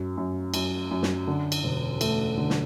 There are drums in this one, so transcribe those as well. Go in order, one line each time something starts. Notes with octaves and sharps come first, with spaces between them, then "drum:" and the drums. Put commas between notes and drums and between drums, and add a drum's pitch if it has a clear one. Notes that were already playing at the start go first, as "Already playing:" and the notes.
Already playing: F#2
F#2
F#2, drum: cymbal
F#2
drum: snare
D3
drum: cymbal
E1
A3, drum: cymbal
D3
drum: snare